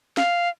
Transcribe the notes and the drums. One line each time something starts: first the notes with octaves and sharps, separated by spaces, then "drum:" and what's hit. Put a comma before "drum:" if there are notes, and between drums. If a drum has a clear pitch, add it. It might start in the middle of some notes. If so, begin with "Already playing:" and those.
F5, drum: snare